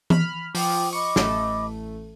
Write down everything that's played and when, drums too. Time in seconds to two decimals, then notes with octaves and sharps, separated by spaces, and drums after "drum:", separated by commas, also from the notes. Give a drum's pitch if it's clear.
0.10 B5 F6, drum: tom E3
0.55 F3 G5 D6 D#6, drum: open hi-hat
0.93 D#5 B5 C#6 D6
1.16 A1 A3, drum: snare